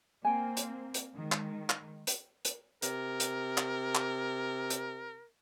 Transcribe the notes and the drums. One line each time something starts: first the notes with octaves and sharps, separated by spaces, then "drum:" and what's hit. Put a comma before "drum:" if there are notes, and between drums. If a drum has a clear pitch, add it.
A#3 C4 G5 G#5
drum: hi-hat
drum: hi-hat
D#3 G#3
drum: clap
drum: clap
drum: hi-hat
drum: hi-hat
C3 A#4, drum: hi-hat
drum: hi-hat
drum: clap
drum: clap
drum: hi-hat